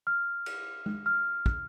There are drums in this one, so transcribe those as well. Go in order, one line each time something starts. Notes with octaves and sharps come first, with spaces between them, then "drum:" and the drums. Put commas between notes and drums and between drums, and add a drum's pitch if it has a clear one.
F6
drum: cymbal
drum: tom G#3
F6
drum: kick